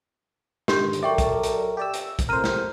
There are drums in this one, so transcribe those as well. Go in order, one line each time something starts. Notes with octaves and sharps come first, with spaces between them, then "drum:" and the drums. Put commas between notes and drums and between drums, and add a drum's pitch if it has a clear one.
G#2 D3 D#3 G4 C6 G6, drum: snare
drum: hi-hat
F#3 A4 A#4 D5 E5 G5 C#6
drum: kick, hi-hat
drum: hi-hat
G4 D5 E6
drum: hi-hat
drum: kick, hi-hat
F2 A2 C3 A#4 C5 F6 D#7
drum: snare